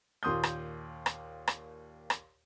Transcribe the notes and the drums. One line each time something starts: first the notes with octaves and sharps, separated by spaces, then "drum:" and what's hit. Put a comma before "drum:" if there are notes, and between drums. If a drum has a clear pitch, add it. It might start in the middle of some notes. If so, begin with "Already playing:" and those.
D#2 A#2 C6 D#6 G6
drum: rim click
drum: rim click
drum: rim click
drum: rim click